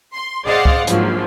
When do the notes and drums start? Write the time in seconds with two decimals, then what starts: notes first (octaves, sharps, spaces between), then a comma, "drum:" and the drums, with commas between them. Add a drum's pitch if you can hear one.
0.15 C6
0.45 G#4 C5 D5 D#5 F5 F#5
0.65 drum: kick
0.87 A#1 G#2 F3 F#3, drum: hi-hat